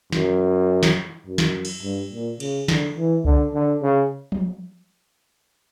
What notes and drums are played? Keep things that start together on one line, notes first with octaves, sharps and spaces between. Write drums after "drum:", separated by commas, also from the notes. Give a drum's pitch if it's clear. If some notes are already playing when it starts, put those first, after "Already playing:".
F#2, drum: snare
drum: snare
F#2
drum: snare
drum: cymbal
G2
A#2
C#3, drum: cymbal
D3, drum: snare
E3
D3, drum: kick C2
D3
C#3
drum: tom F3